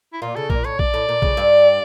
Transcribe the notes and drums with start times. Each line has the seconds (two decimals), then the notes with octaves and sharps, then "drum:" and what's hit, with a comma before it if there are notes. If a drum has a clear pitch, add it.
0.13 E4
0.22 A#2 F4
0.36 C#3 A4
0.50 A#2 A#4, drum: kick A#1
0.64 A2 C#5
0.79 D5, drum: kick A#1
0.94 A2
1.09 A#2
1.22 C#3, drum: kick A#1
1.37 G2